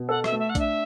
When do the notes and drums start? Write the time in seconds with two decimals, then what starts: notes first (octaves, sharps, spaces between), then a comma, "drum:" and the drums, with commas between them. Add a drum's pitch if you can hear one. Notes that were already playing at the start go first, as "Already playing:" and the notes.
Already playing: B2
0.09 A4 F#5
0.24 E5, drum: rim click
0.32 A3
0.39 E5
0.49 F#5
0.55 D4 E5, drum: kick A#1, hi-hat